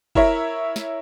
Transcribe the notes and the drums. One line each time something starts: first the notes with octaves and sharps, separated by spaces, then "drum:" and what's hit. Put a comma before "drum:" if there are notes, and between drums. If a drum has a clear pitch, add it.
E4 A#4 C#5 E5, drum: kick F#1
drum: snare